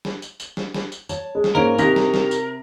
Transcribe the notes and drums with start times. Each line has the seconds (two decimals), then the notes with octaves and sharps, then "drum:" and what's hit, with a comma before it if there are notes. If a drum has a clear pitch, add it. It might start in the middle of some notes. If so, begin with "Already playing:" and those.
0.05 drum: snare
0.22 drum: tambourine
0.40 drum: tambourine
0.57 drum: snare
0.74 drum: snare
0.92 drum: tambourine
1.09 C#5 A5, drum: tambourine
1.35 G#3
1.44 drum: snare
1.55 G#2 A#3 C#4 A#4 D7
1.78 C3 D#4 F#4 G4 A#6 B6, drum: tambourine
1.96 drum: snare
2.14 drum: snare
2.31 drum: tambourine